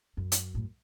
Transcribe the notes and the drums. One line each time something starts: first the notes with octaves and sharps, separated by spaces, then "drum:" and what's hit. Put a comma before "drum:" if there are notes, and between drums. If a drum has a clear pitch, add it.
F#2
drum: hi-hat
A2